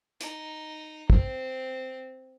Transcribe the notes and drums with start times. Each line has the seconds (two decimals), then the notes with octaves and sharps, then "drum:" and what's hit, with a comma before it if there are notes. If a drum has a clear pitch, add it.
0.21 D#4, drum: hi-hat
1.10 C4, drum: kick